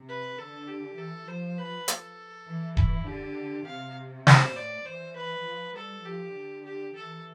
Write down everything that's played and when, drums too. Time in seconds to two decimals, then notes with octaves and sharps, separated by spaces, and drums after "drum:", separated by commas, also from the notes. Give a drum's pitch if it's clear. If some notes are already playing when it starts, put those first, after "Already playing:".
Already playing: C3
0.09 B4
0.38 D3 A4
0.68 G4
0.97 E3 A4
1.27 F3 C5
1.58 B4
1.88 A4, drum: hi-hat
2.47 E3
2.77 E4, drum: kick D#1
3.06 D3 G4
3.66 C3 F5
4.27 C5, drum: snare
4.56 A2 D5
4.85 E3 C5
5.16 B4
5.46 F3
5.75 G3 A4
6.05 F3 G4
6.35 D3
6.65 G4
6.95 E3 A4